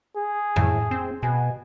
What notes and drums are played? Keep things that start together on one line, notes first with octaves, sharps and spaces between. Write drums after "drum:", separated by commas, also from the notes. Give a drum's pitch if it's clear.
G#4
A2, drum: tom F2
C4
B2 G#5